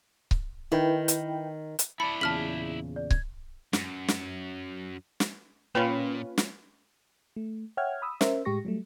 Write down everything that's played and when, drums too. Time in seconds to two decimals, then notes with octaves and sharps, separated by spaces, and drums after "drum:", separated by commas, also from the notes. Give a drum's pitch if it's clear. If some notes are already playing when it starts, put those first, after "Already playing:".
0.31 drum: kick C#1
0.72 D#3 E4 B4 G5
1.08 drum: hi-hat
1.79 drum: hi-hat
2.00 E4 D5 A5 B5 C#7
2.21 E2 A#2 C#3 A5 F6 B6 F#7
2.96 D5
3.10 G#6, drum: kick C#1
3.73 F#2, drum: snare
4.08 drum: snare
5.20 drum: snare
5.75 A#2 A#3 C#4 F4 B4 B5
6.38 drum: snare
7.36 A3
7.77 C#5 E5 F#5 G5 F6 G#6
8.02 B5 D#6 E6
8.21 C#4 A#4 C5 E5, drum: snare
8.45 A2 G#3 G4 C#6 A#6
8.65 F#3 G3 A3